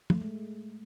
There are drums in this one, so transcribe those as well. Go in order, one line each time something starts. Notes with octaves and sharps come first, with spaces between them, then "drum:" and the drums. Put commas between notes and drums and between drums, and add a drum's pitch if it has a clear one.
A3, drum: tom
G#3